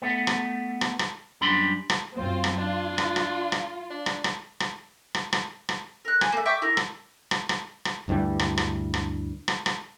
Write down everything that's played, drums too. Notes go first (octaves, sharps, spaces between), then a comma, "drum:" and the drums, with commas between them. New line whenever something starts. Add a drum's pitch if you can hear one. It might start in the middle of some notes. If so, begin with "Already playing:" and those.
A3 B3
drum: rim click
drum: rim click
drum: rim click
F#2 G3 D4 B5 C6
drum: rim click
F#2 C4 F4
drum: rim click
D4 F4
drum: rim click
drum: rim click
drum: rim click
D4
drum: rim click
drum: rim click
drum: rim click
drum: rim click
drum: rim click
drum: rim click
A#4 F#6
G#5, drum: rim click
A3 A#3
E5 G5 C#6 D6
E4 A#4
drum: rim click
drum: rim click
drum: rim click
drum: rim click
D2 G2 E3 G3
drum: rim click
drum: rim click
drum: rim click
drum: rim click
drum: rim click